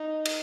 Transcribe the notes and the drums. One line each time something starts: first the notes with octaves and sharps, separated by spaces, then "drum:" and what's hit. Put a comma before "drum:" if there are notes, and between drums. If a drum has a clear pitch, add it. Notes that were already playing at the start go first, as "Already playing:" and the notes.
Already playing: D#4
drum: cymbal